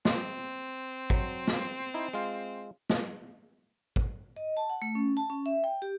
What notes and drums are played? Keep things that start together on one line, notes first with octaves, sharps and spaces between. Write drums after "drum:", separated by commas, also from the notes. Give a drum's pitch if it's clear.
C4, drum: snare
F#3, drum: kick
drum: snare
D#4 E4
G#3 F4
drum: snare
drum: kick
D#5
A5
F#5
A3
C#4
A5
C#4
E5
G5
G4